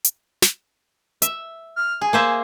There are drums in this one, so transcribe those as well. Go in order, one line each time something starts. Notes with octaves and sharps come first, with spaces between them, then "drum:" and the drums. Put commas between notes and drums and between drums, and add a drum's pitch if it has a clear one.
drum: hi-hat
drum: snare
E5, drum: hi-hat
F6
G#4 G#5
A#3 C5 E5